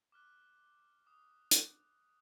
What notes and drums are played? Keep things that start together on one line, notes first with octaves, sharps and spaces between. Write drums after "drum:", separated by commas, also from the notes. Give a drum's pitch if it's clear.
D6 F6 F#6
D6 D#6
drum: hi-hat